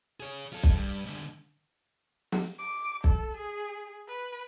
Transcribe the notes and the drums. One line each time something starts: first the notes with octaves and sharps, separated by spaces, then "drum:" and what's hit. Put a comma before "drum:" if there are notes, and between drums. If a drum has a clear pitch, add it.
G#4 C#5
F4 A4
drum: kick
G2
G#2 D3
drum: snare
D6
A4, drum: kick
G#4
B4